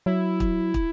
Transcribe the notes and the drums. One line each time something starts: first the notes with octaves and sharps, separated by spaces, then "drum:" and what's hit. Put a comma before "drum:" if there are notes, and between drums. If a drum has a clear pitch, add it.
F#3 E4
drum: kick
drum: kick